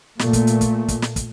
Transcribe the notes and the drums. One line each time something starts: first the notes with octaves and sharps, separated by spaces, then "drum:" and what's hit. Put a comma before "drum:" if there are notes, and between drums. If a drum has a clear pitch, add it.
A#2 A3, drum: snare
drum: kick, hi-hat
drum: hi-hat
drum: kick, hi-hat
drum: kick, hi-hat
drum: snare
drum: kick, hi-hat